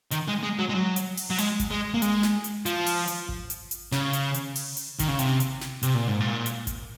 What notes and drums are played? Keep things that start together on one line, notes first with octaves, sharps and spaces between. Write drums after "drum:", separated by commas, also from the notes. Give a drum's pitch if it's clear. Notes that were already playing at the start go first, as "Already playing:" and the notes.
D#3, drum: hi-hat
G#3
G#3
F#3
G#3
F#3
drum: hi-hat
drum: open hi-hat
F#3
G#3, drum: hi-hat
drum: kick G#1, hi-hat
G#3
A#3
G#3, drum: hi-hat
drum: snare
drum: hi-hat
F3, drum: hi-hat
drum: open hi-hat
drum: hi-hat
drum: kick G#1
drum: hi-hat
drum: hi-hat
C#3, drum: snare
drum: hi-hat
drum: hi-hat
drum: open hi-hat
drum: hi-hat
D#3, drum: kick G#1, hi-hat
C#3
C3, drum: hi-hat
drum: hi-hat
drum: snare
C3, drum: hi-hat
A#2
G#2
A#2
drum: hi-hat
drum: kick G#1, hi-hat